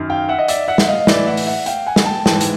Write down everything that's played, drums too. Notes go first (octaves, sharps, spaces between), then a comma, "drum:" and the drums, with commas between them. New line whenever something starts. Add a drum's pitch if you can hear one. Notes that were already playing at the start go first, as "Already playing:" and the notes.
Already playing: F#2 D#3
F5 G5
E5 F#5
D#5
D5 E5, drum: hi-hat
E5 F#5
drum: snare
D#5 F5
A2 E3 D5 E5, drum: snare
E5 F#5
drum: open hi-hat
E5 F#5
F5 G5, drum: hi-hat
F#5 G#5
drum: snare
G5 A5
G#2 E3 G5 A5, drum: snare
drum: hi-hat